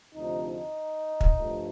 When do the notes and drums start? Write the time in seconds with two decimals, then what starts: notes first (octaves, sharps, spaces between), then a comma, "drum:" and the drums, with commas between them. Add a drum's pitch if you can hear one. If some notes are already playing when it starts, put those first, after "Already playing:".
0.14 D2 C3 F3 A3 D#4
0.44 D#4
1.21 drum: kick
1.36 G2 F3 A3